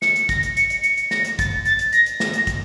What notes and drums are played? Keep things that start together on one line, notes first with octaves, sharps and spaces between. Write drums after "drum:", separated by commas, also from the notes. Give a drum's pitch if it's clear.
C#7, drum: snare
drum: hi-hat
A#6, drum: kick, hi-hat
drum: hi-hat
C#7, drum: hi-hat
drum: hi-hat
C#7, drum: hi-hat
drum: hi-hat
A#6, drum: snare
drum: hi-hat
A6, drum: kick, hi-hat
A6, drum: hi-hat
drum: hi-hat
A#6, drum: hi-hat
drum: hi-hat
A#6, drum: snare
drum: hi-hat
drum: kick, hi-hat